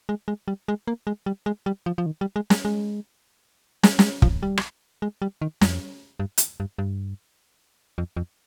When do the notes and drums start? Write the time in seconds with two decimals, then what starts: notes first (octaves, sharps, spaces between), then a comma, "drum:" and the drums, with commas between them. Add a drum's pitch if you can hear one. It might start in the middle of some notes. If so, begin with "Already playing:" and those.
0.09 G#3
0.28 G#3
0.48 G3
0.68 G#3
0.87 A#3
1.07 G#3
1.26 G3
1.46 G#3
1.66 G3
1.86 F3
1.98 F3
2.06 D#3
2.21 G3
2.36 G#3
2.50 G#3, drum: snare
2.65 G#3
3.83 G#3, drum: snare
3.99 G3, drum: snare
4.04 G#3
4.22 F3, drum: kick
4.43 G3
4.57 drum: rim click
5.02 G#3
5.22 G3
5.42 D#3
5.61 F2, drum: snare
6.20 G2
6.38 drum: hi-hat
6.60 G2
6.78 G2
7.98 F2
8.17 F2